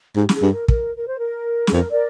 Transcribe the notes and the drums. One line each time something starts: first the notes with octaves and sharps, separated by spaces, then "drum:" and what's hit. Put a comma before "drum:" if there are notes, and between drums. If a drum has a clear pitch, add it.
G#2 G4
G4, drum: snare
G#4
G2
A#4
A#4, drum: kick
A#4
C5
A#4
G#4, drum: snare
F2 A#4
A#4 D5